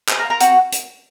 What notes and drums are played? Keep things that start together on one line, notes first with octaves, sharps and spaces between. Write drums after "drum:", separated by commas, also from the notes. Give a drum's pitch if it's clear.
G#4 C5, drum: clap
A#4 A#5
F4
A#4 A#5
C4 F#4 F#5, drum: hi-hat
drum: hi-hat